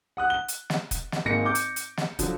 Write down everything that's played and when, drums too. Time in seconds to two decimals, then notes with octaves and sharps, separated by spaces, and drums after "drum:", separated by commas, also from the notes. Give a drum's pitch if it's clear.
0.17 F#5 D#6 F#6
0.30 G7
0.48 drum: hi-hat
0.70 drum: snare
0.91 drum: kick, hi-hat
1.12 drum: snare
1.25 G#1 G#2 A#3 A#6 C#7
1.45 D6 G6
1.55 drum: hi-hat
1.76 drum: hi-hat
1.97 drum: snare
2.19 D3 F3 F#3, drum: kick, hi-hat